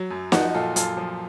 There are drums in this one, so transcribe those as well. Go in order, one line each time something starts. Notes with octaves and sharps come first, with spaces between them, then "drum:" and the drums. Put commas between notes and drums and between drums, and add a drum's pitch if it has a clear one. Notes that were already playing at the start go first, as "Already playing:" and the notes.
Already playing: F#3
F#2
F3 D#4 F#4, drum: snare
A#2 F4 A4
F#2 F4 A4, drum: hi-hat
F3